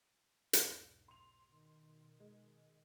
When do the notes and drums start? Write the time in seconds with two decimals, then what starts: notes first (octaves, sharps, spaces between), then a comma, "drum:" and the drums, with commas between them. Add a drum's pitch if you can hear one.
0.53 B1 E2 G#2, drum: hi-hat
1.08 C6 F7
1.45 B2 D#3
2.20 G#3